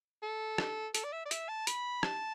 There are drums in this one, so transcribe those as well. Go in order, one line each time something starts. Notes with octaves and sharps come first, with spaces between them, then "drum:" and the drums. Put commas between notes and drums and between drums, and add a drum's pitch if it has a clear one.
A4
drum: rim click
A4, drum: hi-hat
D5
E5
D5
E5, drum: hi-hat
A5
B5, drum: hi-hat
A5, drum: rim click